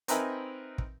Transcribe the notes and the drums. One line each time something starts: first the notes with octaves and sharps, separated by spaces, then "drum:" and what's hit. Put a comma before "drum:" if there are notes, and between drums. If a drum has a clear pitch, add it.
C4 D#4 A#4 B4 E5 G#5, drum: hi-hat
drum: kick